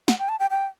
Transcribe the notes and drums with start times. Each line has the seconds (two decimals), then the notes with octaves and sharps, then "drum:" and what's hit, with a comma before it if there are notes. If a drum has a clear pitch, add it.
0.08 F#5, drum: snare
0.19 G5
0.29 A5
0.39 G5
0.50 G5